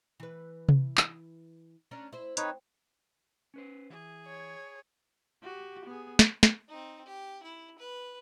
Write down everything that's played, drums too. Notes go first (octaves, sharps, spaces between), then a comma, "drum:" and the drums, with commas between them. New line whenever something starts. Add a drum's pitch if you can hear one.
E3 B4
drum: tom C3
drum: clap
C#4 D4 A#4
E4 C5
C4 D#4 B4 C#5, drum: hi-hat
C#4 B4 C5
E3 G#4
C#5
F#4 G4
B3 G#4
drum: snare
drum: snare
C4 D#4
G4
E4
B4